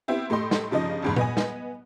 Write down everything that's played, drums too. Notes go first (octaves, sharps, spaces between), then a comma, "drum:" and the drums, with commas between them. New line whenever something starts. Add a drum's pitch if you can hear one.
B3 C4 E4 G4
A2 A3 G4 D#5 C6
drum: snare
G2 C#3 F3 D#4 D#5
G1 E2 G#2
B3 D#5 G#5, drum: tom A#2
drum: snare